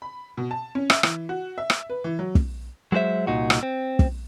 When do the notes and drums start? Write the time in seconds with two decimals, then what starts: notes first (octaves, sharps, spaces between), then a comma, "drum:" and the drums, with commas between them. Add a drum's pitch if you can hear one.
0.02 B5
0.37 B2
0.51 A5
0.75 C#4
0.90 E5, drum: rim click
1.03 E3, drum: rim click
1.29 F#4
1.58 E5
1.70 drum: rim click
1.90 B4
2.04 E3
2.19 F#3
2.35 drum: kick
2.92 F#3 G#3 F#4 C5 E5
3.27 C2 A#2 D#4 F#4
3.50 drum: rim click
3.63 C4
3.99 drum: kick